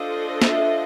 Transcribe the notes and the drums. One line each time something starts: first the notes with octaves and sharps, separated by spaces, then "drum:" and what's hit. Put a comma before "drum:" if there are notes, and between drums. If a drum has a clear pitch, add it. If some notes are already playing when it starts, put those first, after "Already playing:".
Already playing: D4 F4 A4 C5 D#5 F5
E5, drum: snare
F5